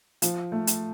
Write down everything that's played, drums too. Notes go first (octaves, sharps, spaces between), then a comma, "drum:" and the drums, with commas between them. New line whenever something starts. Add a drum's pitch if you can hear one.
F3, drum: hi-hat
A3
drum: hi-hat